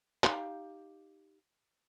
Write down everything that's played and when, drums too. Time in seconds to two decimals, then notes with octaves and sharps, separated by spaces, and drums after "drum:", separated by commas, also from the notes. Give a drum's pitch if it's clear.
0.24 D#4 G4 F5, drum: clap